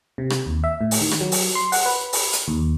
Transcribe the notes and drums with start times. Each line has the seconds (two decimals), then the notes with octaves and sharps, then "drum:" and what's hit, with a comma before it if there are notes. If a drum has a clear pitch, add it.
0.18 C3
0.30 drum: rim click
0.46 D#2
0.64 E5
0.81 A2
0.91 drum: open hi-hat
1.01 D#3
1.11 drum: rim click
1.21 F#3
1.32 drum: open hi-hat
1.55 C6
1.72 F#5, drum: open hi-hat
1.86 B4
2.13 drum: open hi-hat
2.33 drum: hi-hat
2.48 D#2